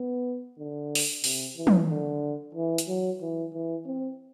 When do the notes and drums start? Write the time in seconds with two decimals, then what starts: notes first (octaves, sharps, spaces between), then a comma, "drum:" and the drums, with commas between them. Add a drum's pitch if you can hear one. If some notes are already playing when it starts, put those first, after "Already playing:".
Already playing: B3
0.58 D3
0.95 drum: open hi-hat
1.24 C3, drum: open hi-hat
1.57 E3
1.67 drum: tom
1.89 D3
2.55 E3
2.78 drum: hi-hat
2.88 F#3
3.21 E3
3.53 E3
3.86 C4